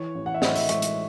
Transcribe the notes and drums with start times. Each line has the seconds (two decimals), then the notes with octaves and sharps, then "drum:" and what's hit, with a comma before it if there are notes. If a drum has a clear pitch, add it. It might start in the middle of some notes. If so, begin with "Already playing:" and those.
Already playing: E3 C#5
0.15 A1
0.26 F#5
0.34 E5
0.42 A2 D#5, drum: snare
0.56 E5, drum: open hi-hat
0.69 G#3 C#6, drum: hi-hat
0.82 drum: hi-hat